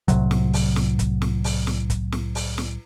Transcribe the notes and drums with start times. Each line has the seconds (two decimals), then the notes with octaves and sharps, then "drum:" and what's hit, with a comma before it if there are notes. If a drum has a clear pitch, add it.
0.08 C2 A2 C3 F#3, drum: kick, hi-hat
0.31 drum: snare
0.54 drum: open hi-hat
0.76 drum: snare
0.99 drum: kick, hi-hat
1.22 drum: snare
1.44 drum: open hi-hat
1.67 drum: snare
1.90 drum: kick, hi-hat
2.12 drum: snare
2.35 drum: open hi-hat
2.58 drum: snare